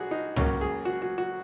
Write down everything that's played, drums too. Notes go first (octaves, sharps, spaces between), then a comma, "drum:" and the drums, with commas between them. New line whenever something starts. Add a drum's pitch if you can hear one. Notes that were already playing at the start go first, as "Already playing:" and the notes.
Already playing: A#1 F#4 G#4
D#4
C#2 C#3 F#3 A#3 C#4, drum: tom
G#4
F#4
F#4
F#4